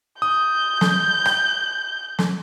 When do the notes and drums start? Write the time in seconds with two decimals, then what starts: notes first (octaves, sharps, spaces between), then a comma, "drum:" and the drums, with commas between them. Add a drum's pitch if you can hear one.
0.22 D#6 G6
0.81 drum: snare
1.25 drum: rim click
2.19 drum: snare